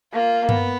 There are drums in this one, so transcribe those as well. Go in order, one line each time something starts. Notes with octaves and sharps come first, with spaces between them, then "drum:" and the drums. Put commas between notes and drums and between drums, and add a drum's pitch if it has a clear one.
A#3 F4
B3, drum: tom G2